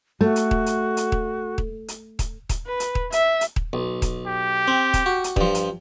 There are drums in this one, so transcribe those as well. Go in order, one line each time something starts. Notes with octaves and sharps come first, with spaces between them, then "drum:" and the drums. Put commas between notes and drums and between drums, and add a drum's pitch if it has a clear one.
A3 F#4
drum: hi-hat
drum: kick D#1
drum: hi-hat
drum: hi-hat
drum: kick D#1
drum: kick D#1
drum: hi-hat
drum: kick D#1, hi-hat
drum: kick D#1, hi-hat
B4
drum: hi-hat
drum: kick D#1
E5, drum: hi-hat
drum: hi-hat
drum: kick D#1
B1
drum: kick D#1, hi-hat
G4
C4
drum: kick D#1, hi-hat
F#4
drum: hi-hat
G2 F3, drum: kick D#1
drum: hi-hat